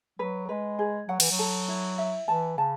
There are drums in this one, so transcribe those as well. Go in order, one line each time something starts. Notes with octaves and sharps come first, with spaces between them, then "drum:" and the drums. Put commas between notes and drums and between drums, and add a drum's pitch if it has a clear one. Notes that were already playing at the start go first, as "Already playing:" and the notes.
F#3 B4
G#3 B4
G#4
F#3 F#5
E3, drum: cymbal
F#3
A4
E4
E5
E3 A5
C#3 A5